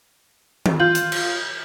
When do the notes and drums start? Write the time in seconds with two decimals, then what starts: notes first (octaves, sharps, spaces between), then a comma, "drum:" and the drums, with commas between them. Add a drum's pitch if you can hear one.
0.66 drum: tom D#3
0.80 F4 G6 F#7
0.95 drum: hi-hat
1.12 drum: cymbal